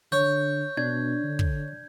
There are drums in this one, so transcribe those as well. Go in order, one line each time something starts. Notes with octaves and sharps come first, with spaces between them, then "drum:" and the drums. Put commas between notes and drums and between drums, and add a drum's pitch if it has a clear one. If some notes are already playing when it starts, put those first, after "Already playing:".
D3 C#5 G6
B2 D4 G#6
D3
drum: kick